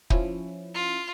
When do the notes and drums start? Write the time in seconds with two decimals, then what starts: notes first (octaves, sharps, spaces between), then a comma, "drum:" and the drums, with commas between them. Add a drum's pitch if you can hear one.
0.10 F3 C#4 E4, drum: kick
0.74 F4